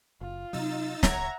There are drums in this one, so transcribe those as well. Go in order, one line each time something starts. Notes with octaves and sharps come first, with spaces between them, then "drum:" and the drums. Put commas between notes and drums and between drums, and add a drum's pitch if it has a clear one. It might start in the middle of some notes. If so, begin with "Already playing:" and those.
F#1 F4
C3 F#3 D#4 E6 A6
C#2 C#5 E5 F#5 A#5 G#6, drum: snare